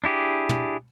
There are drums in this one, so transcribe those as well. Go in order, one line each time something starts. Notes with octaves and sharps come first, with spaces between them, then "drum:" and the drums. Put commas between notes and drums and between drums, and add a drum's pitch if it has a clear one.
D4 E4 G4 G#4
drum: tom